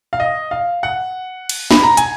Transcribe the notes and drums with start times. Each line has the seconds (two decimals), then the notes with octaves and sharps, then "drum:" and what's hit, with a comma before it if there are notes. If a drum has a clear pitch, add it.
0.13 F5
0.20 D#5
0.51 F5
0.83 F#5
1.49 drum: cymbal
1.71 B5, drum: snare
1.83 A#5
1.97 G#5, drum: hi-hat